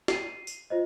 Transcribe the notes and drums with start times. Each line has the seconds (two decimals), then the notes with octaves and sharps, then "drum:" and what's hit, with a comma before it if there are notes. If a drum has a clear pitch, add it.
0.08 C7 D#7, drum: snare
0.47 drum: tambourine
0.70 F4 C5 D#5